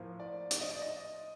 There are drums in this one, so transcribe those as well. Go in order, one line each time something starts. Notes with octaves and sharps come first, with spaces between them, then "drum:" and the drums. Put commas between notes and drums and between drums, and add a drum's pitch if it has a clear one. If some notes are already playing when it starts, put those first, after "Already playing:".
Already playing: A2 F3 A#3
D5
D5, drum: hi-hat
D#5
D5
D#5